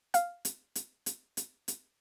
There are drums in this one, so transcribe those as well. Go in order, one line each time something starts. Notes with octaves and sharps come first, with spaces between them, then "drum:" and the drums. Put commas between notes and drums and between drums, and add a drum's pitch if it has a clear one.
F5 F6, drum: hi-hat
drum: hi-hat
drum: hi-hat
drum: hi-hat
drum: hi-hat
drum: hi-hat